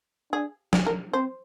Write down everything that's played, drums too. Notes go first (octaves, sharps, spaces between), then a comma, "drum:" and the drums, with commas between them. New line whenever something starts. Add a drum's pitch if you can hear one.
D4 G#4
G#4, drum: snare
A#4
C4 C5